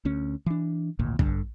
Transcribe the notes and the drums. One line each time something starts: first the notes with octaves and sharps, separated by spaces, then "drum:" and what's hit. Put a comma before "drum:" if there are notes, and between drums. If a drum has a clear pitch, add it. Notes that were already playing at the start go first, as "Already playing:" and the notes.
D2 C#4
E3 D4
G#1 D2 A#2
G1 G2 D3, drum: kick